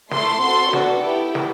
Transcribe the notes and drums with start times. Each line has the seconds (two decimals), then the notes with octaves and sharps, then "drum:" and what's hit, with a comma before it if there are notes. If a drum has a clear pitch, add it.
0.11 A3 E4 A4 C6, drum: snare
0.42 C4 F#4 A4 C6
0.73 B3 D4 F#4 A4, drum: snare
1.04 B3 E4 G4
1.35 drum: snare